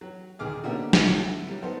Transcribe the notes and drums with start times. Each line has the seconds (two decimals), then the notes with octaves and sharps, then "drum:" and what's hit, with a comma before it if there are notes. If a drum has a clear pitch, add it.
0.01 F#3
0.39 D2 D#3 G#4 D6 F6
0.64 B2 D3 A#3 C#4 D4 G4
0.93 drum: snare
1.05 A#2 D3 F#3 E4 F#4
1.47 F#3 G3
1.62 B3 D#4 A4 C5